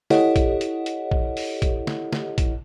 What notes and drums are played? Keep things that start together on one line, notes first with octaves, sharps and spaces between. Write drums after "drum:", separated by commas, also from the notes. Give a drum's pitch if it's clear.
E4 G4 A4 C#5 D#5 F#5, drum: snare
drum: kick A#1, hi-hat
drum: hi-hat
drum: hi-hat
drum: kick A#1
drum: open hi-hat
drum: kick A#1, hi-hat
drum: snare
drum: snare
drum: kick A#1, hi-hat